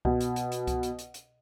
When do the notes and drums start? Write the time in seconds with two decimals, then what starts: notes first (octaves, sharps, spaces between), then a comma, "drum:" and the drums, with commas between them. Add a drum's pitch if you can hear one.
0.05 B2, drum: kick C2
0.21 drum: hi-hat
0.36 drum: hi-hat
0.52 drum: hi-hat
0.67 drum: kick C2, hi-hat
0.83 drum: hi-hat
0.99 drum: hi-hat
1.14 drum: hi-hat